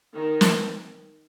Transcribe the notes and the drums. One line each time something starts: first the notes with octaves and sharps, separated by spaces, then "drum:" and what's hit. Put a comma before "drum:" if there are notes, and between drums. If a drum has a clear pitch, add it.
D#3
drum: snare